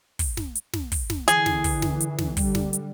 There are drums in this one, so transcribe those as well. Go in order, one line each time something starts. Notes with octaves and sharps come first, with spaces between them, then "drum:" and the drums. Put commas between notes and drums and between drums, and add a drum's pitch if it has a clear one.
drum: kick, open hi-hat
drum: snare
drum: hi-hat
drum: snare
drum: kick, open hi-hat
drum: snare
D3 E3 G#4, drum: hi-hat
drum: snare
drum: kick, open hi-hat
drum: snare
drum: hi-hat
drum: snare
D3 G3, drum: kick, open hi-hat
drum: snare
drum: hi-hat